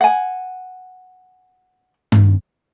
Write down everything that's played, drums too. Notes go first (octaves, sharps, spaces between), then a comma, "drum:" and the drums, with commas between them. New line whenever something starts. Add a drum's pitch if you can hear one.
F#5 G#5
drum: tom G2